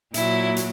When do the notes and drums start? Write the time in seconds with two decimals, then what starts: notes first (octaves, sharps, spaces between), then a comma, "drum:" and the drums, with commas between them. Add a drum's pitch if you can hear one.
0.14 A#2 F#3 E4, drum: hi-hat
0.56 drum: hi-hat